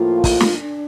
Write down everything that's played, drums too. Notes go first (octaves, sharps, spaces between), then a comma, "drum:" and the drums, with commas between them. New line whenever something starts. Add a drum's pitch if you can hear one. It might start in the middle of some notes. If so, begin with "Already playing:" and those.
Already playing: A2 F3 A#3 F4
drum: kick, open hi-hat
drum: snare
D4